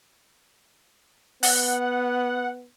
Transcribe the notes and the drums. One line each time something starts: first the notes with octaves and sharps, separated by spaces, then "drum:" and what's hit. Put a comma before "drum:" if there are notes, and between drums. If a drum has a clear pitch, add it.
B3 F#5, drum: open hi-hat